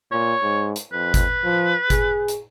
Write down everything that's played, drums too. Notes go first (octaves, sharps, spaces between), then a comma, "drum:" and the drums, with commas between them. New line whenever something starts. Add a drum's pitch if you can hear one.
A#2 C#5
G#2
drum: hi-hat
F2 B4
drum: kick G1, hi-hat
F3
G#4, drum: kick G1, hi-hat
drum: hi-hat